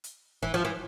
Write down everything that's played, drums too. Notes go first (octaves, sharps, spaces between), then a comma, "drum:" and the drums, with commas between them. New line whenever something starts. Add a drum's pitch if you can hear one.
drum: hi-hat
E3, drum: kick
F3
E3